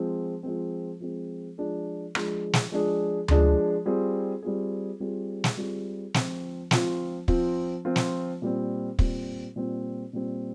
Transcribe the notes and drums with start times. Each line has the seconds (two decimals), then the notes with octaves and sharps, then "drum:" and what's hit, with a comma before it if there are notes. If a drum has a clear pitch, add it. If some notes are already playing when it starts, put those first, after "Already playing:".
Already playing: F3 G#3 C4
0.43 F3 G#3 C4
1.00 F3 G#3 C4
1.58 F3 G#3 D4 G#4
2.15 F3 G#3 D4 G#4, drum: rim click
2.53 drum: snare
2.72 F3 G#3 D4 G#4
3.28 F3 G#3 D4 G#4, drum: tom D2
3.86 G3 C4 F4 G#4
4.43 G3 C4 F4 G#4
5.00 G3 C4 F4 G#4
5.44 drum: snare
5.57 G3 C4 F4 G#4
6.14 F3 C4 F4, drum: snare
6.71 F3 C4 F4, drum: snare
7.28 F3 C4 F4, drum: kick
7.85 F3 C4 F4
7.96 drum: snare
8.42 A#2 G3 C4
8.99 A#2 G3 C4, drum: kick
9.56 A#2 G3 C4
10.13 A#2 G3 C4